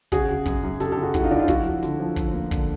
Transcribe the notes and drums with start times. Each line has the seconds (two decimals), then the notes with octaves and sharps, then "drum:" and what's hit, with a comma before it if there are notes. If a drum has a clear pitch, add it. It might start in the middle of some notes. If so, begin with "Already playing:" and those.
0.12 C#3 F#4 G#4, drum: kick, hi-hat
0.28 C#3
0.45 F#2, drum: kick, hi-hat
0.63 F#2
0.80 C#3 G4 A4, drum: snare
0.92 G4 A4
0.97 C#3
1.02 F#4 G#4
1.14 F#3 E4 F#4, drum: kick, hi-hat
1.23 D#4 F4
1.31 C#3 D4 E4
1.39 D#4 F4
1.48 F3 E4 F#4, drum: kick
1.65 F3
1.83 D3, drum: snare
2.00 F3
2.16 F3, drum: kick, hi-hat
2.34 A#3
2.51 D3, drum: kick, hi-hat